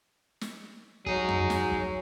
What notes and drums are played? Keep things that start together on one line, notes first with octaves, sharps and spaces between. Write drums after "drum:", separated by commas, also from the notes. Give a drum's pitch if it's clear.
drum: snare
F#3 D#4 G#4, drum: kick
drum: tom
drum: snare
drum: kick